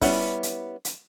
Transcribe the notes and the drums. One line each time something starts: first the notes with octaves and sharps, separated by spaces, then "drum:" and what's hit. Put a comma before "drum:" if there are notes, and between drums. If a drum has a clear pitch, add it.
G3 B3 C#4 E4, drum: kick, open hi-hat
drum: hi-hat
drum: hi-hat